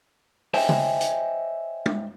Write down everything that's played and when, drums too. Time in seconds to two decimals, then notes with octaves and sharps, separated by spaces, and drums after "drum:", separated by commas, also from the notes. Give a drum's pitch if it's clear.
0.54 C5 C#5 D#5 E5 G5 G#5, drum: open hi-hat
0.69 drum: tom C#3
1.01 drum: hi-hat
1.86 drum: tom